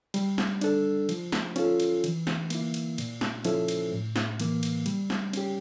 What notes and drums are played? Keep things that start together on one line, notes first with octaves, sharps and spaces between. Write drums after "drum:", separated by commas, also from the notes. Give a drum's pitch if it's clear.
G3, drum: cymbal
drum: snare
D4 A4, drum: cymbal
F3, drum: cymbal
drum: snare
C#4 F4 A4, drum: cymbal
drum: cymbal
E3, drum: cymbal
drum: snare
A#3 E4, drum: cymbal
drum: cymbal
A#2, drum: cymbal
drum: snare
F3 C#4 E4 A4, drum: cymbal
drum: cymbal
A2
drum: snare
E3 A#3, drum: cymbal
drum: cymbal
G3, drum: cymbal
drum: snare
C#4 G4, drum: cymbal